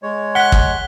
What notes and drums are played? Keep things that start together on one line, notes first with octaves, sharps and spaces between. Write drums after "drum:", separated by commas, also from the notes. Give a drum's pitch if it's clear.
G#3 C#5
F#5 F#6 B6 G7
drum: kick